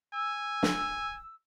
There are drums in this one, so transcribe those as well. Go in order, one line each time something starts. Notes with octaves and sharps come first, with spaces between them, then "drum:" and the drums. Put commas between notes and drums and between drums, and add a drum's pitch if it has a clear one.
G#5 E6
drum: snare